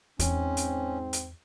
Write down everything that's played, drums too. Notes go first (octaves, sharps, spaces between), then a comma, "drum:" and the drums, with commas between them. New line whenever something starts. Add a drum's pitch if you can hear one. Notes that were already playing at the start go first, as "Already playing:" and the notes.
E2 G#2 C4 C#4, drum: kick, hi-hat
drum: hi-hat
drum: hi-hat